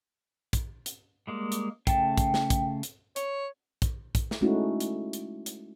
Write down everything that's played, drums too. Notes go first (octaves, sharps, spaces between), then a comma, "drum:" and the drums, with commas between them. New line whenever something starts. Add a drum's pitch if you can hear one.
drum: kick, hi-hat
drum: hi-hat
G3 G#3 A#3
drum: hi-hat
C#3 A3 G5 A5, drum: kick, hi-hat
drum: kick, hi-hat
drum: snare
drum: kick, hi-hat
drum: hi-hat
C#5, drum: hi-hat
drum: kick, hi-hat
drum: kick, hi-hat
drum: snare
G#3 A3 C#4 D#4 E4 F#4
drum: hi-hat
drum: hi-hat
drum: hi-hat